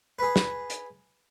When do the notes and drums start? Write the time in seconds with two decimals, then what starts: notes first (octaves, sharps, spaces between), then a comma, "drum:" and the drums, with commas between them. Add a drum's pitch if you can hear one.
0.19 G#4 B4
0.36 drum: snare
0.70 drum: hi-hat